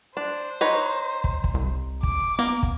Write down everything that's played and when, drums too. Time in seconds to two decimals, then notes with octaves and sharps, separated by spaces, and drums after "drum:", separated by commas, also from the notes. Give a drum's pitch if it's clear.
0.17 D4 C5
0.61 D#4 B4 C#5
1.24 drum: kick
1.44 drum: kick
1.54 C2
2.03 D6, drum: kick
2.39 A#3 B3
2.63 drum: kick